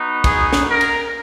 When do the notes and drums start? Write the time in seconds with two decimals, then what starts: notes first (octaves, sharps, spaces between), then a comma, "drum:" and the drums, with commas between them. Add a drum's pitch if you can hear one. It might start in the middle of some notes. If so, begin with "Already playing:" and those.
Already playing: B3 D#4 F#4
0.24 G#4, drum: kick, cymbal
0.53 drum: snare
0.67 A#4
0.81 drum: cymbal